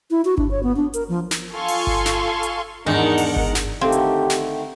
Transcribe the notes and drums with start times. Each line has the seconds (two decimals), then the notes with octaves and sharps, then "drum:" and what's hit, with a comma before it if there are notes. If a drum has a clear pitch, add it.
0.11 E4
0.25 F#4
0.38 D4, drum: kick G1
0.51 C#5
0.63 B3
0.76 D4
0.94 A#4, drum: hi-hat
1.09 F3
1.31 drum: snare
1.53 F4 A4 F5 G#5 C6 C#6
1.68 drum: open hi-hat
1.87 drum: kick G1
2.06 drum: snare
2.43 drum: hi-hat
2.86 E2 G#2 D#3 D4 D#4 A#4 F#5
3.18 drum: open hi-hat
3.36 drum: kick G1
3.55 drum: snare
3.81 D3 D#3 A3 C4 G4 A4 F5
3.92 drum: hi-hat
4.30 drum: snare